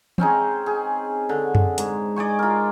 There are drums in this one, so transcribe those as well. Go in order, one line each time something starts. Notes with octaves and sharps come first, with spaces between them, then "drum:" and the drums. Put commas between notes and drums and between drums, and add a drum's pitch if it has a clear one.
C4 C#4 D#4 G#4, drum: tom E3
G#4
D3
drum: tom F#2
G#2, drum: hi-hat
D5 D#5 G#5 C#6
F4 A#4